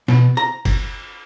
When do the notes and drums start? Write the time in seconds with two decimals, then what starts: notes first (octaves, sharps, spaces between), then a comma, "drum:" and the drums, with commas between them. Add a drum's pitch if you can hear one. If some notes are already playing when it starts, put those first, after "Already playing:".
0.08 B2, drum: snare
0.37 A#5
0.65 drum: kick F#1, cymbal